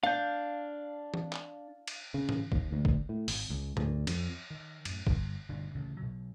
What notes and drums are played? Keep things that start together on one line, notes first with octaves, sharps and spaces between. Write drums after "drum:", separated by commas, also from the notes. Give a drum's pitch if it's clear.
D4 F5 G6
drum: tom E3
drum: clap
drum: cymbal
C#3
drum: tom
D#2, drum: kick
D2
drum: kick
A2
G#1, drum: open hi-hat
C#2
D2, drum: tom G#2
F2, drum: cymbal
D#3
F#2 A2, drum: cymbal
G1 G2, drum: kick
G1 B2 D#3 D4
A1 D2 C#3
B2 F#3